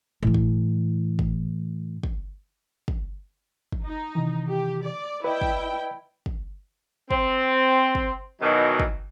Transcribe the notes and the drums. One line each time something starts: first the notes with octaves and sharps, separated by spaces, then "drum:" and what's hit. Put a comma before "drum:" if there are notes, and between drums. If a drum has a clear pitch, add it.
A2 E3
drum: kick
drum: kick
drum: kick
drum: kick
drum: kick
D#4
C3 D#3 E3
G4
D5
E4 B4 D5 D#5 G5
drum: kick
drum: kick
C4, drum: kick
drum: kick
B2 D#3 E3 F#3 D#4
drum: kick